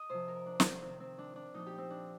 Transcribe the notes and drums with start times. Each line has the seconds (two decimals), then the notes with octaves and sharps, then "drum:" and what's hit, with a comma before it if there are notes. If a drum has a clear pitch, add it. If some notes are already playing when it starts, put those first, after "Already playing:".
Already playing: D#5
0.10 C3 F3 C5
0.28 A#4
0.46 D4
0.60 drum: snare
0.82 C3 D#3 C4
1.00 C4
1.18 D4
1.36 D4
1.54 A#2 F3 D#4
1.66 G4
1.78 C4
1.90 D4